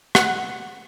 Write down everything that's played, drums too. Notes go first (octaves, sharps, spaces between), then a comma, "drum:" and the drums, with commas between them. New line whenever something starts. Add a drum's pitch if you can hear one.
F#5, drum: rim click